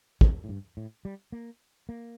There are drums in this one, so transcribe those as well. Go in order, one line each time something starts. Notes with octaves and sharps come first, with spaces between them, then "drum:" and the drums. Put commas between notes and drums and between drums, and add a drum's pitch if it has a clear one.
F2, drum: kick
A2
G2
A2
G3
A#3
A#3